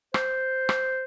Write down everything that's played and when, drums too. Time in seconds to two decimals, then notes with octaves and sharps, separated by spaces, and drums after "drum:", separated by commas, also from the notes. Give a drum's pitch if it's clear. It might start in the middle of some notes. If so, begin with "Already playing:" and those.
0.14 C5, drum: rim click
0.69 drum: rim click